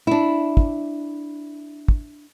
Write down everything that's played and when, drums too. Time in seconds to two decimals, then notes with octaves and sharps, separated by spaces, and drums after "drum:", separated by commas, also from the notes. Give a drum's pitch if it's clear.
0.07 D4 E4
0.57 drum: kick
1.88 drum: kick